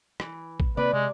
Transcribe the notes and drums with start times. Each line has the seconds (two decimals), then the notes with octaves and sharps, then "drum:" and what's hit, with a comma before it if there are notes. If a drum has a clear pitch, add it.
0.20 E3, drum: rim click
0.60 drum: kick
0.77 C3 A#3 C4 B4 D5
0.93 C3 G#3